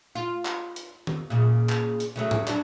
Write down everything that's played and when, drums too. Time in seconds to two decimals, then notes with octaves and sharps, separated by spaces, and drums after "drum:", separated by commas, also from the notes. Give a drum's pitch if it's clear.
0.15 F4
0.45 drum: clap
0.76 drum: hi-hat
1.07 drum: tom D#3
1.30 A#2 C#3
1.69 drum: clap
2.00 drum: hi-hat
2.16 C#3 F#3 A3
2.31 drum: tom G#2
2.48 F#3 D4, drum: clap